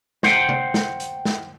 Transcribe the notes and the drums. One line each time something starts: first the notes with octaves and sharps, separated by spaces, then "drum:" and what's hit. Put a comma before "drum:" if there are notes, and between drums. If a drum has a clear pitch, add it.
C5 F#5 G5, drum: snare
drum: tom C3
drum: snare
drum: hi-hat
drum: snare